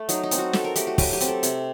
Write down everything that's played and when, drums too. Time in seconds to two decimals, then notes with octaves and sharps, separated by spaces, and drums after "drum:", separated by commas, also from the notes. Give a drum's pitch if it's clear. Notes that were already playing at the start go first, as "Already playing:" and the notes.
Already playing: A3
0.09 F#3 D#4, drum: hi-hat
0.23 D#4
0.31 C4, drum: hi-hat
0.38 F#4
0.53 F#3 A4, drum: snare
0.64 A#4
0.76 A3 G4, drum: hi-hat
0.87 F#4
0.98 F#3 G4, drum: kick, open hi-hat
1.13 G4
1.21 C4, drum: hi-hat
1.28 A4
1.43 C3, drum: hi-hat